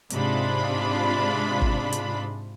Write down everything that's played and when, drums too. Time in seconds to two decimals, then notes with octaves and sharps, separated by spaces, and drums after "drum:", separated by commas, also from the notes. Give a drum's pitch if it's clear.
0.10 G#2 C3 G#3 D4 F4 B5, drum: hi-hat
1.62 drum: kick
1.92 drum: hi-hat